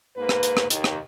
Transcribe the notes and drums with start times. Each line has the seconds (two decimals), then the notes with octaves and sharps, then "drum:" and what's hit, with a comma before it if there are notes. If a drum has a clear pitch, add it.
0.17 G#2 A#3 B4
0.29 drum: rim click
0.43 drum: hi-hat
0.57 drum: rim click
0.70 D#2 D#3, drum: hi-hat
0.84 drum: rim click